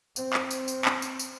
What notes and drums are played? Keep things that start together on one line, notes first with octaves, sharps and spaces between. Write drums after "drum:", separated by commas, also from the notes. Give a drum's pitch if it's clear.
C4, drum: tambourine
drum: clap
drum: tambourine
drum: tambourine
drum: clap
drum: tambourine
drum: tambourine